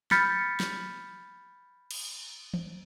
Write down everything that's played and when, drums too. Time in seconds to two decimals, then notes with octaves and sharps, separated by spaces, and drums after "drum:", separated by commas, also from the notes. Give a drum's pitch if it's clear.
0.11 B5 F6 G6 A6 B6 C#7, drum: snare
0.60 drum: snare
1.91 drum: cymbal
2.54 drum: tom E3